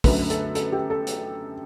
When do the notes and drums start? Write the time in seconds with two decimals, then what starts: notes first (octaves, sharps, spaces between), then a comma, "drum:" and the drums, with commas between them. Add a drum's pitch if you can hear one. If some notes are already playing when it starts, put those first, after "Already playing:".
0.04 F#2 D3 A3 B4, drum: kick, open hi-hat
0.30 A4, drum: hi-hat
0.55 A4, drum: hi-hat
0.72 G4
0.90 A4
1.07 drum: hi-hat